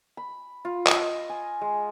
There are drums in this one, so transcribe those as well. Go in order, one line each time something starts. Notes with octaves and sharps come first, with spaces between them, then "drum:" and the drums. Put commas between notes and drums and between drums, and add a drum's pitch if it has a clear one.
B5
F4
D#5, drum: clap
G#5
G#3